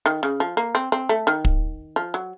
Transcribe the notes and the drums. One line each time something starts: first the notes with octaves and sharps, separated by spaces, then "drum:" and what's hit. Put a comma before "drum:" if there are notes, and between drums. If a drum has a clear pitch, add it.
D#3
C#3
F3
A#3
C4
C4
A3
D#3
drum: kick
F3
F#3